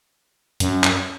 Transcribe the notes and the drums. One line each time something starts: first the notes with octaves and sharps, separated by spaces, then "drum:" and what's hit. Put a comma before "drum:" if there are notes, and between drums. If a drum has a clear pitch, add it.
F#2, drum: hi-hat
drum: clap